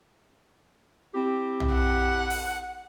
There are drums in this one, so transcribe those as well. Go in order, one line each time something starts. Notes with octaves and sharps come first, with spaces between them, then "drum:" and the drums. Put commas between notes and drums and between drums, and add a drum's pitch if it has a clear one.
C4 E4 G4
drum: tom
F#5
drum: open hi-hat